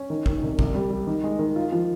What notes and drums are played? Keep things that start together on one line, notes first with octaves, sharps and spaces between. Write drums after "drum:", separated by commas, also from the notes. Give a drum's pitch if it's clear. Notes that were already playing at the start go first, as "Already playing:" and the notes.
Already playing: C#4
D#3
D#3, drum: kick A1
C2
C2, drum: kick A1
G3
G3
D#3
G#3
D#3
F4
F3